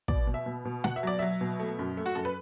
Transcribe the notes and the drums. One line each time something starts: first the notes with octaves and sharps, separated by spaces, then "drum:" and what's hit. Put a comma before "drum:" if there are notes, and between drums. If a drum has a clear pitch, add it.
B2 D5, drum: kick
B2
E5
B2
B2
B2 F#5, drum: snare
E5
F#3 D5
F#3 E5
B2
A3
F#2
A3
F#4
F#2 A4
B4